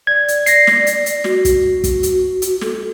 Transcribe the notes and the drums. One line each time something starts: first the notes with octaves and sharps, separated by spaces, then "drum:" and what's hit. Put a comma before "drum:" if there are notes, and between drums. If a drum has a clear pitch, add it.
D5 G#6
drum: hi-hat
A#6 C7, drum: hi-hat
drum: snare
drum: hi-hat
drum: hi-hat
F#4, drum: snare
drum: kick, hi-hat
drum: kick, hi-hat
drum: hi-hat
drum: hi-hat
A4, drum: snare